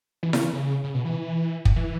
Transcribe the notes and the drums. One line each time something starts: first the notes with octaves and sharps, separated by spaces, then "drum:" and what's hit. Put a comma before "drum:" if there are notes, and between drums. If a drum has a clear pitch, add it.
E3
C#3, drum: snare E4
E3
C#3
C#3
B2
E3
drum: kick
E3